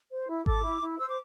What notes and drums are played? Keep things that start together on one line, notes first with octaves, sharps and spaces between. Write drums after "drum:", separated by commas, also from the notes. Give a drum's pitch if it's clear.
C5
E4
A4 D6, drum: kick G#1
E4
E4
C5 E6
D6